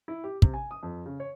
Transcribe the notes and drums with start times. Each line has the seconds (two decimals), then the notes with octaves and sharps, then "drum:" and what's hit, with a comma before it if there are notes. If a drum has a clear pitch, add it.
0.08 E4
0.24 G4
0.42 C3, drum: kick
0.54 G#5
0.71 D#6
0.83 F2
1.06 C#3
1.20 C#5